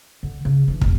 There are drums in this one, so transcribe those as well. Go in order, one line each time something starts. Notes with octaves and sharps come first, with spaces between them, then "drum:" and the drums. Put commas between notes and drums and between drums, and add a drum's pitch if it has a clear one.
D3
C#3
E3 D4
F1 D2, drum: kick